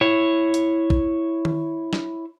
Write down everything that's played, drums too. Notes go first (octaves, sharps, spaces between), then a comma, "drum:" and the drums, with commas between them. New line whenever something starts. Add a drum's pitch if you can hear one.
E4 C#5
drum: hi-hat
drum: kick
drum: tom D#3
drum: snare